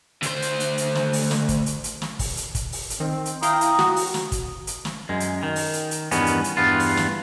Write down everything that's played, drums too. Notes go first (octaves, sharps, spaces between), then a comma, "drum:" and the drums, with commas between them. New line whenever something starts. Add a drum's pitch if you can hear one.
D2 C5, drum: hi-hat
drum: hi-hat
drum: hi-hat
drum: hi-hat
drum: snare
drum: open hi-hat
drum: snare
drum: kick, hi-hat
drum: hi-hat
drum: hi-hat
drum: snare
drum: kick, open hi-hat
drum: hi-hat
drum: kick, hi-hat
drum: open hi-hat
drum: hi-hat
D#3 C4
drum: hi-hat
E4 F5 G5 A#5 D#6, drum: hi-hat
drum: hi-hat
F#4, drum: snare
drum: open hi-hat
drum: snare
drum: kick, hi-hat
drum: hi-hat
drum: snare
F#2 G#3
drum: hi-hat
D#3
drum: open hi-hat
drum: hi-hat
drum: hi-hat
E2 G2 D#3 B3 C#4, drum: hi-hat
drum: hi-hat
drum: hi-hat
E2 G2 B3 F4
drum: open hi-hat
drum: snare